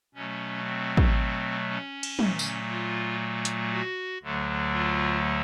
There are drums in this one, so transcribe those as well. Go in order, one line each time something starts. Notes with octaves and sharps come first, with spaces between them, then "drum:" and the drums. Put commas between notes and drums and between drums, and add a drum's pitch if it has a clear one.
B2 F#3 A3 C#4
C4
drum: kick
C#4
drum: cymbal
A#2 F#3 A3, drum: tom
drum: tambourine
F4
drum: hi-hat
F#4
D2 D3 F#3 A3
F4